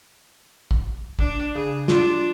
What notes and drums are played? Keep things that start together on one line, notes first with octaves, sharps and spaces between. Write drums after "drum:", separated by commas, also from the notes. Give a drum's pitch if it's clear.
drum: kick
D4, drum: kick
C#3 G#4
D4 F4, drum: snare